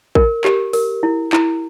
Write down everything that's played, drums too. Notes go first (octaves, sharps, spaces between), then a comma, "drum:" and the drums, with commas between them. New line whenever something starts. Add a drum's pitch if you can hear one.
A#4, drum: kick
G4, drum: clap
A#4, drum: open hi-hat
E4
E4, drum: clap